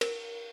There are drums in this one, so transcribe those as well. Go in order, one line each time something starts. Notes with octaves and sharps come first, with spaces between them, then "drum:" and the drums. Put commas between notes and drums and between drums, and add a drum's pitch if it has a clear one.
A#4, drum: cymbal